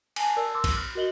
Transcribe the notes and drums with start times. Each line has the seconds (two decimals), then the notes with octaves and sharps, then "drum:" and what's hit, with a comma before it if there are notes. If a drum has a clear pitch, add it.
0.16 G#5 A5, drum: cymbal
0.37 A#4 D5 A5 E6
0.55 C6 D6 E6
0.64 drum: kick A#1, cymbal
0.77 F6
0.95 F#4 A#4 D#5 F#7 G7